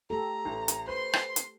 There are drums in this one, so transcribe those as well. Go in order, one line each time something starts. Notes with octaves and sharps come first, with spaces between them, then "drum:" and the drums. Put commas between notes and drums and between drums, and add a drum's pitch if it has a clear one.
A3 G4 A4 A#5
A1
drum: hi-hat
B4 C5 C6
drum: rim click
drum: hi-hat